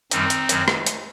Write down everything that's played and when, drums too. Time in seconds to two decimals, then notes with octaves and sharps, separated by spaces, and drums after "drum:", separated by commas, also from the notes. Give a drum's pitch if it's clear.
0.11 F#2 D#3 G3 C4 D#4, drum: hi-hat
0.30 drum: hi-hat
0.49 F#2 D#3 F#3, drum: hi-hat
0.68 drum: rim click
0.86 drum: hi-hat